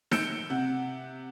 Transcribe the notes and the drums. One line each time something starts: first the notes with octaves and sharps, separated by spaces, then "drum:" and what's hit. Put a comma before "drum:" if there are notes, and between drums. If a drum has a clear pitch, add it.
E6 G6 C#7 D7 E7, drum: snare D#4
C3 F#5